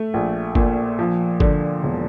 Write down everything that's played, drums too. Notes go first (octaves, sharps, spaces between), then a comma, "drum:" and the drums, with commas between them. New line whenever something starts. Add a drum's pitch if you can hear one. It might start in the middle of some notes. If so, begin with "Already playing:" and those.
Already playing: A3
A#1
A#2, drum: kick G1
F3
D3, drum: kick G1
E1